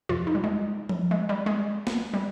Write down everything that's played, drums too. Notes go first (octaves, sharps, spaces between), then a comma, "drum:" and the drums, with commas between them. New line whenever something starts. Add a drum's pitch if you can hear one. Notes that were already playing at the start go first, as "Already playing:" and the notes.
F2 C3 F3 F4
D#4
G3
G#3
drum: tom F3
G#3
G3
G#3
drum: snare
G3